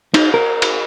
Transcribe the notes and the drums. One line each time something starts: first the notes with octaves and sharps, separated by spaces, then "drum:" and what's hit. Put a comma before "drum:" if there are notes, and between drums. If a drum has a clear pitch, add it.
D#4, drum: cymbal
A#4
drum: cymbal